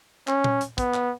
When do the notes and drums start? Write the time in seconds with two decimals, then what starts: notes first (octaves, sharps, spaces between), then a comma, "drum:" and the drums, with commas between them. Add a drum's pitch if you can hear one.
0.28 C#4, drum: clap
0.44 drum: tom A#2
0.61 drum: hi-hat
0.78 B3, drum: kick, hi-hat
0.94 drum: clap